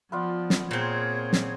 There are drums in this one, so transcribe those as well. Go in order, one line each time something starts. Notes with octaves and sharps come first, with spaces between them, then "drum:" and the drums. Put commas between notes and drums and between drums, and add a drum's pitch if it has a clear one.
F3 B3 F4 D5
drum: snare
A#2 C4 G#4 C#5
drum: snare